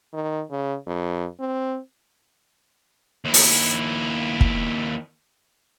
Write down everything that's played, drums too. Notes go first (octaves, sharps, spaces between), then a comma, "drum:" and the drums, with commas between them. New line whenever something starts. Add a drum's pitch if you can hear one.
D#3
C#3
F2
C4
D#2 E4
drum: open hi-hat
drum: kick